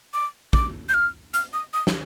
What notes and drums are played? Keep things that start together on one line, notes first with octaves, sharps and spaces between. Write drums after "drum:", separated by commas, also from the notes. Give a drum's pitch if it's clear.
D6
D6, drum: kick
G6
F6
F6, drum: hi-hat
D#6
D#6
drum: snare